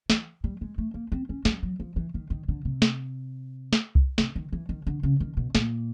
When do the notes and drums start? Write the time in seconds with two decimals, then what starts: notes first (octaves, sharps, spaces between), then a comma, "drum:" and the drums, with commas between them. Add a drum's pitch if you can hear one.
0.10 E3, drum: snare
0.44 G3
0.61 G#3
0.78 A3
0.94 A#3
1.12 C4
1.29 C#4
1.45 G3, drum: snare
1.63 F#3
1.80 F3
1.96 E3
2.14 D#3
2.30 D#3
2.48 D3
2.65 C3
2.82 drum: snare
3.73 drum: snare
3.95 drum: kick C2
4.18 C3, drum: snare
4.36 D#3
4.53 E3
4.69 D#3
4.87 D3
5.03 C#3
5.20 D#3
5.37 B2
5.55 A#2, drum: snare